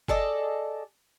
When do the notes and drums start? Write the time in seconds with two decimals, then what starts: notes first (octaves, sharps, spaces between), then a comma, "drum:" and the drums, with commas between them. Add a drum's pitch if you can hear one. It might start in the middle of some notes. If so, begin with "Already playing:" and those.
0.08 G#4 A4 D5 D#5, drum: kick F#1